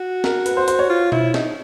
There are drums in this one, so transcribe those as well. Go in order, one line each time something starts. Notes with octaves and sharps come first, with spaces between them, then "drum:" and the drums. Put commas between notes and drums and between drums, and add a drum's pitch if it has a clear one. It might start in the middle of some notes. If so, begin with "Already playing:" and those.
Already playing: F#4
A#4, drum: snare
B4, drum: hi-hat
C5
C5, drum: hi-hat
C#5
F4
E4, drum: tom B2
D#4, drum: snare